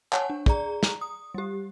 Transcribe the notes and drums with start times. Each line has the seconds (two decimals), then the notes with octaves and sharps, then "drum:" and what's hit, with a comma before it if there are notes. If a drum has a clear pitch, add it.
0.13 C#5 F#5 G#5 A5, drum: clap
0.30 D4
0.46 G#4 D5 A#5, drum: kick
0.83 drum: snare
1.01 D#6
1.34 G3 G4